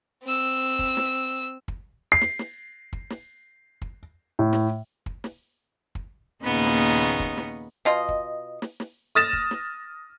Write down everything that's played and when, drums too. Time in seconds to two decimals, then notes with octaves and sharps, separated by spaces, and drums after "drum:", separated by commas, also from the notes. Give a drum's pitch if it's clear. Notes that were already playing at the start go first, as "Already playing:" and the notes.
0.24 C4 E6
0.79 drum: kick
0.97 drum: snare
1.68 drum: kick
2.12 C7
2.21 drum: snare
2.39 drum: snare
2.93 drum: kick
3.10 drum: snare
3.82 drum: kick
4.39 A2
4.53 drum: snare
5.06 drum: kick
5.24 drum: snare
5.95 drum: kick
6.43 D#2 A#2 C#3 B3 D#4
6.66 drum: snare
7.20 drum: kick
7.37 drum: snare
7.85 B2 F4 D#5
8.09 drum: kick
8.62 drum: snare
8.80 drum: snare
9.15 D#6 F6 A6 A#6 E7
9.33 drum: kick
9.51 drum: snare